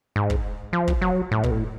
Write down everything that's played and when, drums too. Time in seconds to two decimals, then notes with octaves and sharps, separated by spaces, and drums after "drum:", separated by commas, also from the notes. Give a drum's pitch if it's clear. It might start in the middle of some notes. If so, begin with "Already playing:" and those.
0.16 G#2
0.30 drum: kick
0.73 F3
0.88 drum: kick
1.02 F#3
1.31 A2
1.43 B2, drum: kick
1.51 A2